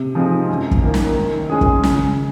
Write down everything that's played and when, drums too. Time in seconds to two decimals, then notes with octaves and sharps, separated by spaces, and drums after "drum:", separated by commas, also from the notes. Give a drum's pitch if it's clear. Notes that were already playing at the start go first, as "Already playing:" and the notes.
Already playing: C3
0.15 F3 G#3 C4 D#4
0.49 F#2
0.71 drum: kick
0.82 D#3 A#3
0.94 drum: snare
1.16 D#3
1.50 G#3 C#4 G#4
1.61 drum: kick
1.83 C#3, drum: snare